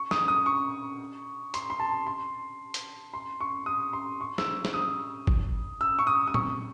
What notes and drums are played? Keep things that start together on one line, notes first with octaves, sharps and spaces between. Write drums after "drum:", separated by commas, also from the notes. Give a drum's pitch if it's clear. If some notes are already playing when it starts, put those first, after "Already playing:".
Already playing: C#6
D#6, drum: snare
D#6
C#6
C6, drum: hi-hat
C6
A5
C6
drum: hi-hat
C6
C#6
D#6
C6
C#6
E6, drum: snare
drum: snare
D#6
drum: kick
E6
C#6
D#6
D#6
C#6, drum: tom A#2